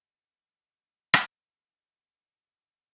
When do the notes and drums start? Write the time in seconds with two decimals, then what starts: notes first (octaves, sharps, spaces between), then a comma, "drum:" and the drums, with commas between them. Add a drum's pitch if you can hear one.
0.13 B2 D#3 E3 F#3 G3 C4
1.14 drum: rim click